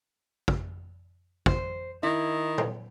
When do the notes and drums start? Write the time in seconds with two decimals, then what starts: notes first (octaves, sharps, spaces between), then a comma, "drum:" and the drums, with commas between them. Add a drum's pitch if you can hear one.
0.48 drum: kick
1.46 C5, drum: kick
2.03 D#3 E4
2.58 drum: tom A#2